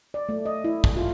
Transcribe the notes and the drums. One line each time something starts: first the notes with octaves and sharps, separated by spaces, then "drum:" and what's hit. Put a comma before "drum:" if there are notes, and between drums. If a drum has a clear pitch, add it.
D5
A3
D#5
E4
drum: kick
F4